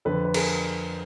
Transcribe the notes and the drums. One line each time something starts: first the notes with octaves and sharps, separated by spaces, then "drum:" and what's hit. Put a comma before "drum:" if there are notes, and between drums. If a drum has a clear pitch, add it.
F2 D3 A4 B4
B4
G#4 A#4, drum: cymbal